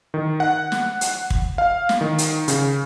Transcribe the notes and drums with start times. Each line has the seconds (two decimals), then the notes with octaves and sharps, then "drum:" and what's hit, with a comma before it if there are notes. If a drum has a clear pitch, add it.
0.14 D#3
0.40 F#5
0.72 drum: snare
1.01 drum: hi-hat
1.30 drum: kick
1.58 F5
1.89 drum: snare
2.01 D#3
2.18 drum: hi-hat
2.48 C#3, drum: hi-hat